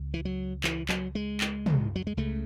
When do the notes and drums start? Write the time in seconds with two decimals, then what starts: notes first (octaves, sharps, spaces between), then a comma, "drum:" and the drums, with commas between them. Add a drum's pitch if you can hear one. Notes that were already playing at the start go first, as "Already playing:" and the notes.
Already playing: C#2
0.14 E3
0.25 F#3
0.64 E3, drum: clap
0.89 F#3, drum: clap
1.15 G#3
1.41 drum: clap
1.66 drum: tom
1.96 F#3
2.07 G#3
2.17 C#2 C#3 A3